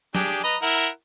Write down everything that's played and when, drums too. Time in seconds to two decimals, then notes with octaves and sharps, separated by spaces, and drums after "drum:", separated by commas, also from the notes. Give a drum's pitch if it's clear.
0.15 D4 G4 G#4, drum: snare
0.44 B4 D#5 A#5
0.62 E4 A#4 F#5